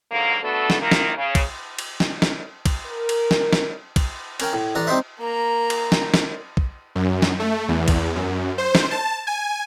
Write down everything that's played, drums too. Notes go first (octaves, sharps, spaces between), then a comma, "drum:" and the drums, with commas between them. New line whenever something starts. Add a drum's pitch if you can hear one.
G#2 D3 F#3 A#3
A3 B3 D4 F#4 A4
drum: snare
D#3 A#3 E4 F4 A#4
drum: snare
C#3
drum: kick, cymbal
drum: cymbal
drum: snare
drum: snare
drum: kick, cymbal
A#4
drum: cymbal
drum: snare
drum: snare
drum: kick, cymbal
C#4 A#4 G5, drum: cymbal
A2
A1 D4 A4 A#5
G3 C4 D#4 C5 E5
A#3 A#5
drum: cymbal
drum: snare
drum: snare
drum: kick
F#2
drum: snare
A3
E2
drum: kick, cymbal
F#2
C5
drum: snare
A5
G#5